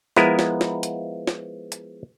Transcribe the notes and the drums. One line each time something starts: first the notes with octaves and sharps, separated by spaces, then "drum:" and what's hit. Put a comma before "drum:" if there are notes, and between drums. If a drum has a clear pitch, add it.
F3 G#3 B3 E4 A#4 D#5, drum: snare
drum: snare
drum: snare
drum: hi-hat
drum: snare
drum: hi-hat